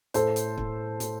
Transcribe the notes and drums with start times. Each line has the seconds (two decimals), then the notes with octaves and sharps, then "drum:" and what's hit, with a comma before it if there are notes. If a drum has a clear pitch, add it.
0.14 A2 A4 C5, drum: hi-hat
0.36 drum: hi-hat
0.58 A2, drum: kick
1.00 A2, drum: hi-hat